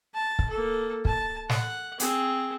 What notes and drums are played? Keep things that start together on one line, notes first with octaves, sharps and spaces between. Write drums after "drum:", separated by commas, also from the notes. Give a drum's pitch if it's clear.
A5
drum: kick
A#3 A4
A5, drum: kick
F#5, drum: snare
C4 G#4, drum: hi-hat